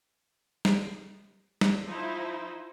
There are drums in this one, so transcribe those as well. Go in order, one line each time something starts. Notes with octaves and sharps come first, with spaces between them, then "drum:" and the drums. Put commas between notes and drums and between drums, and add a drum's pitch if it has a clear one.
drum: snare
drum: snare
F3 D#4 E4 C5